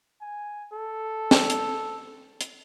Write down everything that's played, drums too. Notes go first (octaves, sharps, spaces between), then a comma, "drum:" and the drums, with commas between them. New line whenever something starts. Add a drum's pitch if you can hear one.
G#5
A4
drum: snare
drum: hi-hat
drum: hi-hat